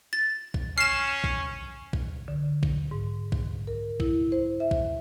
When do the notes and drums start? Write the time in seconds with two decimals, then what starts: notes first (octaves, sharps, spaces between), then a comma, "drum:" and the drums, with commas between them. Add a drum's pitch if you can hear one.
0.13 A6
0.54 drum: kick B1
0.78 C#4 F6 C7 E7
1.24 drum: kick B1
1.93 drum: kick B1
2.28 D3
2.63 drum: kick B1
2.91 G#2
3.32 drum: kick B1
3.67 A#4
4.00 E4, drum: kick B1
4.32 C5
4.60 E5
4.71 drum: kick B1